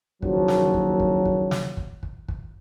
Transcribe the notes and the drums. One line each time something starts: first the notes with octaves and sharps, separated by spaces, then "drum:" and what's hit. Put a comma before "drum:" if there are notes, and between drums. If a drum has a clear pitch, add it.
F#1 D#2 F3 F#3, drum: kick
drum: snare
drum: kick
drum: kick
drum: kick
drum: snare
drum: kick
drum: kick
drum: kick